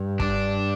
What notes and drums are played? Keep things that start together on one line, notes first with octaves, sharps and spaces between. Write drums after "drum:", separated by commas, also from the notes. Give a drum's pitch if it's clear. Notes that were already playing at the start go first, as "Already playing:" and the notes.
Already playing: G2
D4, drum: kick